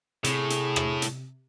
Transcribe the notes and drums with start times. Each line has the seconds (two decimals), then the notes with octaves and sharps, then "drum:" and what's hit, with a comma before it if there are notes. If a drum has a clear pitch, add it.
0.24 A2 C3 G#4, drum: hi-hat
0.50 drum: hi-hat
0.76 drum: rim click
1.02 drum: hi-hat